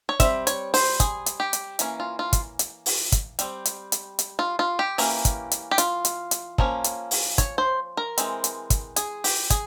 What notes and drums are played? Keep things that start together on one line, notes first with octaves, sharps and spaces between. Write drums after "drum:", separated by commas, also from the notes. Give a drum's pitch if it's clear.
C#5
G3 C4 E5, drum: kick, hi-hat
C#5, drum: hi-hat
C5, drum: open hi-hat
G#4, drum: kick, hi-hat
drum: hi-hat
G4
drum: hi-hat
E3 A#3 C#4, drum: hi-hat
F4
F4
drum: kick, hi-hat
drum: hi-hat
drum: open hi-hat
drum: kick, hi-hat
G3 C4, drum: hi-hat
drum: hi-hat
drum: hi-hat
drum: hi-hat
F4
F4
G4
E3 A#3 C#4, drum: open hi-hat
drum: kick, hi-hat
drum: hi-hat
G4
F4, drum: hi-hat
drum: hi-hat
drum: hi-hat
F3 A#3 C#4, drum: kick
drum: hi-hat
drum: open hi-hat
C#5, drum: kick, hi-hat
C5
A#4
E3 G#3 C4, drum: hi-hat
drum: hi-hat
drum: kick, hi-hat
G#4, drum: hi-hat
G4, drum: open hi-hat
G#4, drum: kick, hi-hat